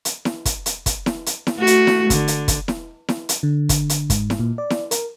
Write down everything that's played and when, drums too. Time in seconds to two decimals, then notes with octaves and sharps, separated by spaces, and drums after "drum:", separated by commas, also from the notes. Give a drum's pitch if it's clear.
0.05 drum: hi-hat
0.25 drum: snare E4
0.45 drum: kick, hi-hat
0.66 drum: hi-hat
0.86 drum: kick, hi-hat
1.06 drum: snare E4
1.26 drum: hi-hat
1.47 drum: snare E4
1.57 A3 F#4
1.67 drum: hi-hat
1.87 drum: snare E4
2.10 D3, drum: kick, hi-hat
2.28 drum: hi-hat
2.48 drum: kick, hi-hat
2.68 drum: snare E4
3.09 drum: snare E4
3.29 drum: hi-hat
3.43 D3
3.69 drum: kick, hi-hat
3.89 drum: hi-hat
4.10 G#2, drum: kick, hi-hat
4.30 drum: snare E4
4.40 A#2
4.58 D5
4.70 drum: snare E4
4.91 A#4, drum: hi-hat